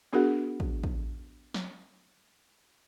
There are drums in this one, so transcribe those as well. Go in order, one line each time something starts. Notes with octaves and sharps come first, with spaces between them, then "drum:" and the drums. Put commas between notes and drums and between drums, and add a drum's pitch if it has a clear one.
B3 D4 F#4 G#4 A#4 F#5
drum: kick
drum: kick
drum: snare